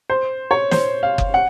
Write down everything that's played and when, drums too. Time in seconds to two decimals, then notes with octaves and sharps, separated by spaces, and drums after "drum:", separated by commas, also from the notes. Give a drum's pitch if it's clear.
0.10 C5
0.51 C#5
0.71 C5, drum: snare
1.03 F5
1.18 drum: kick F#1
1.34 F#5